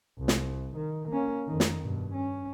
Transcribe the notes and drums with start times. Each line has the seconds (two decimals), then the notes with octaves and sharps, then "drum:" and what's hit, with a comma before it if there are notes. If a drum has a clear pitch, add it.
0.18 C2
0.28 drum: snare
0.76 D#3
1.08 A#3 C#4
1.47 F2 D#3
1.60 drum: snare
1.82 G2 B2
2.13 C#4